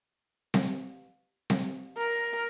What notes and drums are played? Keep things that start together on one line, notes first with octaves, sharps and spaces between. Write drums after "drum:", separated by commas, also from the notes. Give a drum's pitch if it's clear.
drum: snare C4
drum: snare C4
A#4